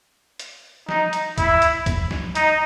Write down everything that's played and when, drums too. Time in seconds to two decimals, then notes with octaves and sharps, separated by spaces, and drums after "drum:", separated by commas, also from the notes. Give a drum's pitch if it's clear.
0.39 drum: hi-hat
0.89 D#4, drum: snare
1.13 drum: hi-hat
1.38 E4, drum: kick, hi-hat
1.62 drum: hi-hat
1.86 drum: kick, hi-hat
2.11 drum: snare
2.35 D#4, drum: hi-hat